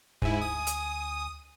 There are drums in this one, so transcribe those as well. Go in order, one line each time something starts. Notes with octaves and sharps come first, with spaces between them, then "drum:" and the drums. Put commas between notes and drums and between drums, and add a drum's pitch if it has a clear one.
D2 G#2 E4 G#5, drum: kick F1
D#6
drum: hi-hat